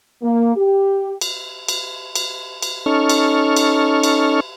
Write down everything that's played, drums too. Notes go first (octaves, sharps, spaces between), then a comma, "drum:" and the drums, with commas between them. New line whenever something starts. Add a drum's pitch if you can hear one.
A#3
G4
drum: cymbal
drum: cymbal
drum: cymbal
drum: cymbal
C#4 D#4 A4 C#6 F6
drum: cymbal
drum: cymbal
drum: cymbal